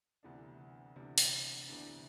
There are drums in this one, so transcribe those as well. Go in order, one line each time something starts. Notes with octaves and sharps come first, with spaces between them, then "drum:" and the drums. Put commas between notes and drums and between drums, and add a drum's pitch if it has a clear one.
D2 C3 E3 B3 D4
D2 C3 E3 B3 D4
drum: open hi-hat
D2 C3 E3 B3 D4